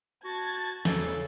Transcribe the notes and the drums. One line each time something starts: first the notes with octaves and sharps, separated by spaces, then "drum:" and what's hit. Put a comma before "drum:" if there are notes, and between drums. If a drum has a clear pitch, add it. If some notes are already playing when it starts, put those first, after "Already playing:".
F#4 A5 G#6 A6
E2 C#3 A4, drum: snare